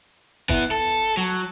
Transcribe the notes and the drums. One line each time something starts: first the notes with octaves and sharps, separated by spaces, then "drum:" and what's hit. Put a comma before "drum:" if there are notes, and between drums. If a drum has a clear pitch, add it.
B3 E4, drum: kick, hi-hat
A4
F#3